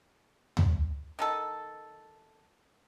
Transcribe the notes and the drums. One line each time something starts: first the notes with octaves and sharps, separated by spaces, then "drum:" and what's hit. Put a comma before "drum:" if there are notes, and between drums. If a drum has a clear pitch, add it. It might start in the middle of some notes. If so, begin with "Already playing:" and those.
drum: tom
D#3 D#4 A4